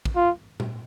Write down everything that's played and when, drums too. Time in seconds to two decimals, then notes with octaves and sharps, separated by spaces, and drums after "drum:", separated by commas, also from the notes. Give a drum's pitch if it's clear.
0.05 drum: kick
0.16 F4
0.60 drum: tom A#2